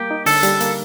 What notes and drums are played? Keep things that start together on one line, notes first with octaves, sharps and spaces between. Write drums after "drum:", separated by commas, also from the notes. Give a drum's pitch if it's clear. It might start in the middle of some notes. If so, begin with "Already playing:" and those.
Already playing: G3 A#3 G4
D#4
D3 A4, drum: open hi-hat
G3, drum: hi-hat
A#3, drum: hi-hat